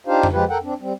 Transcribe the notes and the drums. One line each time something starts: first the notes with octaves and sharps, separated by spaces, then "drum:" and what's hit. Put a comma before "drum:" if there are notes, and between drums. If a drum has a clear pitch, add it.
D4 D#4 F4 G4 C5 F5
drum: tom F2
F3 G#3 F4 G4 B4
A4 A#4 F#5 G5
C4 D4
G3 C4